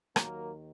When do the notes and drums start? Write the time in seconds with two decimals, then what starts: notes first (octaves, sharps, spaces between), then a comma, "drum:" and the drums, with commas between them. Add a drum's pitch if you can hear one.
0.16 D#2 D#3 F#3 A#3 A#4, drum: rim click